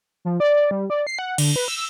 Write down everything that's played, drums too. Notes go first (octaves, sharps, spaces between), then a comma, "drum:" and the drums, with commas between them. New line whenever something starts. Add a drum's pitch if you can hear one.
F3
D5
G3
D5
C7
F#5
D3, drum: cymbal
B4
E6